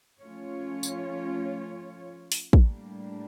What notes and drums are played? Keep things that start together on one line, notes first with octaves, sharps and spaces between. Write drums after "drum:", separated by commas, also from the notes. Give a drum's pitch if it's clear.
F3 A3 C#4 F4 C#5
drum: tambourine
drum: open hi-hat
A2 G3 A#3 D4, drum: kick